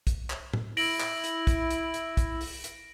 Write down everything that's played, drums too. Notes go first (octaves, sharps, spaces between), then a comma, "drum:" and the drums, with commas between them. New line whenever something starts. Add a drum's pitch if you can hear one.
drum: kick, hi-hat
drum: clap
drum: tom
E4 A#6 D7 F#7, drum: open hi-hat
drum: clap
drum: hi-hat
drum: kick, hi-hat
drum: hi-hat
drum: hi-hat
drum: kick, hi-hat
drum: open hi-hat
drum: hi-hat